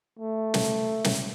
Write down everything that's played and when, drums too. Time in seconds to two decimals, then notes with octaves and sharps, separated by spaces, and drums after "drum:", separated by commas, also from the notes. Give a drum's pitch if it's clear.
0.19 A3
0.54 drum: snare
1.04 drum: snare